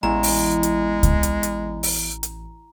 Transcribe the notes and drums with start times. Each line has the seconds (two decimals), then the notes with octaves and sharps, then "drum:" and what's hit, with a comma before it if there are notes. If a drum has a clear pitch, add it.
0.03 A1 E2 G#3 A#5
0.23 drum: open hi-hat
0.63 drum: hi-hat
1.03 drum: kick C#2, hi-hat
1.23 drum: hi-hat
1.43 drum: hi-hat
1.83 drum: open hi-hat
2.23 drum: hi-hat